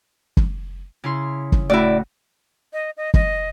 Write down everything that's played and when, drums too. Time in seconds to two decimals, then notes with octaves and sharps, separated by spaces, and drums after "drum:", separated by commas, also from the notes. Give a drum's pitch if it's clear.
0.37 drum: kick
1.04 C#3 E4 C6
1.52 drum: kick
1.70 A2 E4 F#4 D5
2.73 D#5
2.97 D#5
3.14 D#5, drum: kick